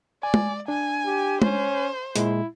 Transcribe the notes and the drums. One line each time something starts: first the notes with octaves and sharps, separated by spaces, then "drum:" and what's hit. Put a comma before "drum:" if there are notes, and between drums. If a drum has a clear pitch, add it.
D5 G#5
drum: tom
D4 G#5
G4
C#4 C5, drum: tom
A#2 G#3 E4, drum: hi-hat